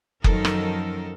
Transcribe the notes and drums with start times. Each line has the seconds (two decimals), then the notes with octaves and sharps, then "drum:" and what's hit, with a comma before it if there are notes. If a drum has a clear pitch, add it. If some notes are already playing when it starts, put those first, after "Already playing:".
0.24 F#2 D#3 F3 D#4 A4 A#4, drum: kick F#1
0.45 drum: rim click